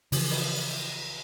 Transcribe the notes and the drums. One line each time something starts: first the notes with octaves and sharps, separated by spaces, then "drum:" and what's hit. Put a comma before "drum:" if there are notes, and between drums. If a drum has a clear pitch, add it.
C#3 E3 F3, drum: open hi-hat
drum: cymbal